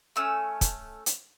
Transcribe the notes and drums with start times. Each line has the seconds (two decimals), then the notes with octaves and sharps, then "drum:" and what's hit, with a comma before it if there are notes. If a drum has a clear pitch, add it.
0.16 A3 C#4 E6
0.61 drum: kick, hi-hat
1.06 drum: hi-hat